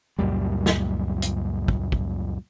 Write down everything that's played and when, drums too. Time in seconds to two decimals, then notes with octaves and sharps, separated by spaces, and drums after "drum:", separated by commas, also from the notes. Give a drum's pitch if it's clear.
0.19 C#2 F#2 A#2 G3
0.66 drum: snare
1.22 drum: hi-hat
1.68 drum: kick
1.92 drum: kick